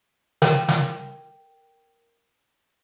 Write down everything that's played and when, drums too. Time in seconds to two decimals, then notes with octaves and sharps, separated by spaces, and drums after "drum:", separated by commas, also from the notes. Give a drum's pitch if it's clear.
0.42 A#4 G5, drum: snare
0.68 drum: snare